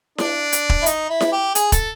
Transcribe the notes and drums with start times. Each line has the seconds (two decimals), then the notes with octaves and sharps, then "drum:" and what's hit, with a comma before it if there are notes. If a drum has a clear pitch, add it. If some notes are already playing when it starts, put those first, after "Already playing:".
0.18 D4, drum: snare E4
0.52 drum: hi-hat
0.70 drum: kick
0.82 E4
0.86 D#4, drum: hi-hat
1.09 E4
1.21 drum: snare E4
1.32 G4
1.55 G#4, drum: hi-hat
1.72 A4, drum: kick, hi-hat